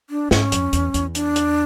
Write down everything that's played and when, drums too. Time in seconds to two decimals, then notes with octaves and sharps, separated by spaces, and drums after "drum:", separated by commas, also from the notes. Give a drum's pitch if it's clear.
0.10 D4
0.31 G#2 C#4, drum: snare
0.52 F2, drum: hi-hat
0.73 E2, drum: hi-hat
0.94 E2, drum: hi-hat
1.15 D4, drum: hi-hat
1.36 drum: hi-hat